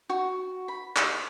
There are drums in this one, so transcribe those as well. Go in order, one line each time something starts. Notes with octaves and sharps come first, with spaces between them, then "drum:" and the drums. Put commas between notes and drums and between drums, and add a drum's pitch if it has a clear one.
F#4
B5
drum: clap